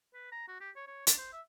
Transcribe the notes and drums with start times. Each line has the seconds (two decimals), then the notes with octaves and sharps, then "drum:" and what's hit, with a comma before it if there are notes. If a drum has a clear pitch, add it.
0.14 B4
0.32 A#5
0.48 F#4
0.60 G4
0.76 C#5
0.87 C#5
1.07 D4, drum: hi-hat
1.18 C5
1.32 E5